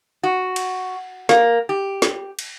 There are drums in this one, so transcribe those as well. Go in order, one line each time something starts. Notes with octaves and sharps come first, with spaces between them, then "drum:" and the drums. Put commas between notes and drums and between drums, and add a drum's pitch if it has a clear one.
F#4
drum: cymbal
A#3, drum: snare
G4
drum: snare
drum: cymbal